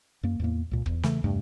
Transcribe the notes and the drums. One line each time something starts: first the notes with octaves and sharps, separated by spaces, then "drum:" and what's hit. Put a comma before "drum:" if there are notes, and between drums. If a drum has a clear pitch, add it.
F#2 A#3
E2 A2 A#3
C#2 A#2
E2, drum: kick
C#3 E3 A3, drum: snare
E2 G2 C3 A3